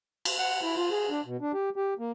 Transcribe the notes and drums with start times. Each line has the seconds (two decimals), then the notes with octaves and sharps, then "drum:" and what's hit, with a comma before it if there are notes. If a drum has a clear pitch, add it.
0.25 drum: cymbal
0.38 F#5
0.63 E4
0.76 F4
0.91 G#4
1.10 D4
1.25 B2
1.41 D4
1.53 G4
1.76 G4
1.99 A#3